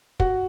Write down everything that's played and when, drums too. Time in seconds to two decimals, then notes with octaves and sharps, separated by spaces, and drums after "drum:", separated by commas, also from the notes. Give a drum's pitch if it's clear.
0.20 F#4, drum: kick